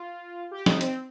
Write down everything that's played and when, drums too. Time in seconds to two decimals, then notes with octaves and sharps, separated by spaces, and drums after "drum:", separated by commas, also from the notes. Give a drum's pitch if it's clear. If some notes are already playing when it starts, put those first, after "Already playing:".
Already playing: F4
0.51 G4
0.66 D#4, drum: snare
0.81 C4, drum: hi-hat